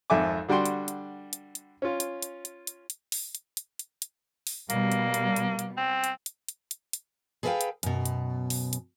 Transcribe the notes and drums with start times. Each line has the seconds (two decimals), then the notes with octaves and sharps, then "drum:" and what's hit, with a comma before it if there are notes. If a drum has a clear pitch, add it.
0.10 G#1 F2 A4 E5 G#5 D6
0.48 D3 G3 F#4 G5 C6
0.66 drum: hi-hat
0.88 drum: hi-hat
1.33 drum: hi-hat
1.55 drum: hi-hat
1.82 C#4 F4
2.00 drum: hi-hat
2.22 drum: hi-hat
2.45 drum: hi-hat
2.67 drum: hi-hat
2.90 drum: hi-hat
3.12 drum: open hi-hat
3.35 drum: hi-hat
3.57 drum: hi-hat
3.79 drum: hi-hat
4.02 drum: hi-hat
4.47 drum: open hi-hat
4.70 B2 G3 A#3, drum: hi-hat
4.92 drum: hi-hat
5.14 drum: hi-hat
5.36 drum: hi-hat
5.59 drum: hi-hat
5.77 C4
6.04 drum: hi-hat
6.26 drum: hi-hat
6.49 drum: hi-hat
6.71 drum: hi-hat
6.93 drum: hi-hat
7.43 G#4 A4 B4 D#5 F5 G5
7.61 drum: hi-hat
7.83 F#2 B2, drum: hi-hat
8.05 drum: hi-hat
8.50 drum: open hi-hat
8.73 drum: hi-hat